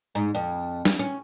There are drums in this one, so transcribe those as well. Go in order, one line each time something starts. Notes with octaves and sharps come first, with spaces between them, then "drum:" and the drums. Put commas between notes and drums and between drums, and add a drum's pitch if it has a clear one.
G#2
F2
drum: snare
C#4